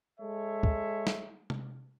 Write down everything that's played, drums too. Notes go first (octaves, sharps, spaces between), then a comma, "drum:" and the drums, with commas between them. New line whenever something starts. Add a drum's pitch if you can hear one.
G#3 A4 C#5 E5
drum: kick
drum: snare
drum: tom C3